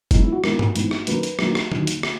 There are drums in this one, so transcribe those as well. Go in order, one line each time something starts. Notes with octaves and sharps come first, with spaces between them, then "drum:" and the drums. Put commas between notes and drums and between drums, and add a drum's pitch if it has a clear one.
F#2 E3 G#3 B3 D#4, drum: kick F#1, hi-hat
E4
F#4
G#1 G#2 E3 B3 A#4, drum: rim click
drum: tom G2
G#1 G#2 E3 B3, drum: hi-hat
drum: rim click
F#2 D#3 F#3 A#3 B4, drum: hi-hat
drum: hi-hat
F#2 D#3 F#3 A#3, drum: rim click
drum: rim click
D#2 D#3 F#3, drum: tom D3
drum: hi-hat
drum: rim click